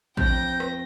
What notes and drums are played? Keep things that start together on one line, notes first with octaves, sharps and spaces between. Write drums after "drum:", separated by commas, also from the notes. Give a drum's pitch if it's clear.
F2 G5 G6 A#6, drum: kick
drum: rim click